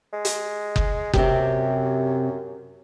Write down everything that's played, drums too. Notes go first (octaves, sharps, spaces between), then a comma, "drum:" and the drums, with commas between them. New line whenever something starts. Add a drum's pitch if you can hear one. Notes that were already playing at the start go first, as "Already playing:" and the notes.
G#3
drum: hi-hat
drum: kick F#1
F#2 C3 G4, drum: kick F#1